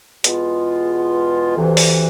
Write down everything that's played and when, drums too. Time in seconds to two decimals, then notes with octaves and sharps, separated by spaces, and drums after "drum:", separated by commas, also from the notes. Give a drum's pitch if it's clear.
0.24 E2 B2 G#3 B3 F4, drum: hi-hat
1.55 D2 C3 E3
1.77 drum: open hi-hat